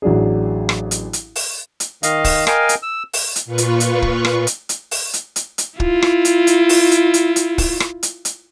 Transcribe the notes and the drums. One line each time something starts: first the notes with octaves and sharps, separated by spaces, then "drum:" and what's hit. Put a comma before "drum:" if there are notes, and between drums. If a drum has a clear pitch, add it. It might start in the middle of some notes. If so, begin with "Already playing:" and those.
A1 F#3 D4 G#4
drum: rim click
drum: hi-hat
drum: hi-hat
drum: open hi-hat
drum: hi-hat
D#3 D#5 F5, drum: hi-hat
drum: kick, open hi-hat
A#4 D#5 F5 G5 G#5, drum: rim click
drum: hi-hat
E6
drum: open hi-hat
drum: hi-hat
A#2 F4 B4 C#6
drum: hi-hat
drum: hi-hat
drum: kick
drum: rim click
drum: hi-hat
drum: hi-hat
drum: open hi-hat
drum: hi-hat
drum: hi-hat
drum: hi-hat
E4 F4, drum: kick
drum: rim click
drum: hi-hat
drum: hi-hat
drum: open hi-hat
drum: hi-hat
drum: hi-hat
drum: hi-hat
drum: kick, open hi-hat
drum: rim click
drum: hi-hat
drum: hi-hat